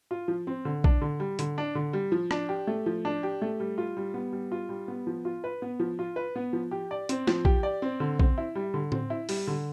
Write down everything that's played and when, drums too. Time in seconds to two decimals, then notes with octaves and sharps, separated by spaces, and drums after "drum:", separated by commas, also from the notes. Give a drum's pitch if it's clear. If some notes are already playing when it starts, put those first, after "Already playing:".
0.11 F4
0.28 F3
0.47 C4
0.65 D3
0.84 D4, drum: kick
1.01 D3
1.20 G3
1.39 D3, drum: hi-hat
1.58 D4
1.75 D3
1.93 G3
2.12 F3
2.31 D4, drum: rim click
2.49 G4
2.67 A3
2.86 F3
3.05 D4
3.23 G4
3.42 A3
3.60 G3
3.78 F4
3.97 G3
4.14 B3
4.33 G3
4.52 F4
4.69 G3
4.88 B3
5.07 F3
5.25 F4
5.44 B4
5.62 B3
5.80 F3
5.99 F4
6.16 B4
6.36 B3
6.53 F3
6.71 G4
6.91 D5
7.09 C4, drum: hi-hat
7.27 F3, drum: snare
7.45 G4, drum: kick
7.63 D5
7.82 C4
8.00 D3
8.20 C4, drum: kick
8.38 E4
8.55 G3
8.74 D3
8.92 C4, drum: tom A2
9.10 E4
9.29 G3, drum: open hi-hat
9.47 D3